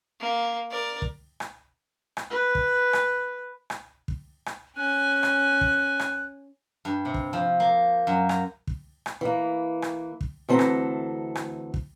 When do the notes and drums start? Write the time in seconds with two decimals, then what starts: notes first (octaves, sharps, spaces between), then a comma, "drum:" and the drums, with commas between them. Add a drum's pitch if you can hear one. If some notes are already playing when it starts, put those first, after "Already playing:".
0.20 A#3
0.71 A#4 D5
1.02 drum: kick
1.40 drum: rim click
2.17 drum: rim click
2.31 B4
2.55 drum: kick
2.93 drum: rim click
3.70 drum: rim click
4.08 drum: kick
4.46 drum: rim click
4.76 C#4 G#5 F#6
5.23 drum: rim click
5.61 drum: kick
5.99 drum: rim click
6.85 G2
7.05 C3
7.14 drum: kick
7.33 F3
7.60 A#3
8.07 F#2
8.29 A#5, drum: rim click
8.67 drum: kick
9.06 drum: rim click
9.21 E3 A#3
9.82 drum: rim click
10.21 drum: kick
10.49 D2 E3 C4 A4 A#5
10.59 drum: rim click
11.35 drum: rim click
11.74 drum: kick